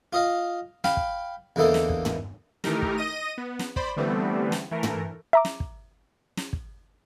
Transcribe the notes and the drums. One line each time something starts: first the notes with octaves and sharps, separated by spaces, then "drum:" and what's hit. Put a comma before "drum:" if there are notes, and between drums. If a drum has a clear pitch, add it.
F4 D#5 F5
F5 G5 B5, drum: snare
drum: kick
E2 D3 E3 A#3 D#4 A4
drum: snare
drum: kick
drum: tom
D#3 E3 A3 D#4 G4 A#4, drum: snare
drum: kick
D#5 A#6 D#7
B3
drum: snare
C5 D5 B5, drum: kick
D3 E3 G3 A3 B3 C4
drum: snare
E3 A3 A#4
drum: tom
E5 A#5 D6
drum: snare
drum: kick
drum: snare
drum: kick